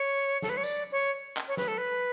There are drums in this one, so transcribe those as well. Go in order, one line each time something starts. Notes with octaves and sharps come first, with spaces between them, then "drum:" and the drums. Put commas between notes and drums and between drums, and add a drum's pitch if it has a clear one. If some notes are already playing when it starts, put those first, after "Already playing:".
Already playing: C#5
A4, drum: snare
B4
C#5
D5, drum: tambourine
C#5
drum: clap
C#5
B4, drum: snare
A4
B4